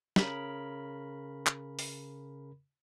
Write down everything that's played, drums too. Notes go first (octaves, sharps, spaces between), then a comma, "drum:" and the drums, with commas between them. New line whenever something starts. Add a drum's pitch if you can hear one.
C#3 A#4 B5, drum: snare
drum: clap
drum: open hi-hat